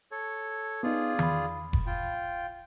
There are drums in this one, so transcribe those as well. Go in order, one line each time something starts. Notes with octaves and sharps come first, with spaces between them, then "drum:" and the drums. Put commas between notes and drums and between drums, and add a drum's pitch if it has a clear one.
A4 C#5
B3 D#4 F4 G#4 D5
E2 B5, drum: tom D#3
drum: kick F1
F4 G5